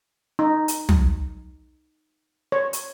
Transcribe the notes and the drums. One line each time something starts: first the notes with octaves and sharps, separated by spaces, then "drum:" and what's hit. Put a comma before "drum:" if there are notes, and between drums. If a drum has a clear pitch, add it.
D#4
drum: hi-hat
drum: tom
C#5
drum: hi-hat